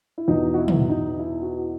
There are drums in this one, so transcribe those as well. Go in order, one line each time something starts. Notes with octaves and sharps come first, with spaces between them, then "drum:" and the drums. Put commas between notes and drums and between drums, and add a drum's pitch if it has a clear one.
E4
E2 B2 D#4
F#4
E4
drum: tom
D#4
E4
F#4